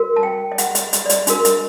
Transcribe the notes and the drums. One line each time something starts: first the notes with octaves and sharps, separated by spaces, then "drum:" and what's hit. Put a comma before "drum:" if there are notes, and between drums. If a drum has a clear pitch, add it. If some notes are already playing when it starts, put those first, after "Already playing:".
Already playing: F#4 A#4
A5
G5
D#5
F#5, drum: hi-hat
D#5, drum: hi-hat
D#5, drum: hi-hat
D5
D#5, drum: hi-hat
D4 F#4 A#4, drum: hi-hat
D#5, drum: hi-hat